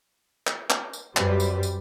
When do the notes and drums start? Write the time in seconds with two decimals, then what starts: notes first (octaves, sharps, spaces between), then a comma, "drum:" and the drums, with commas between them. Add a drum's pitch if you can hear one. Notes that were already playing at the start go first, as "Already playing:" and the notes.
0.47 drum: clap
0.70 drum: clap
0.93 drum: tambourine
1.17 F#2 G3 B4 C5, drum: clap
1.40 drum: tambourine
1.63 drum: tambourine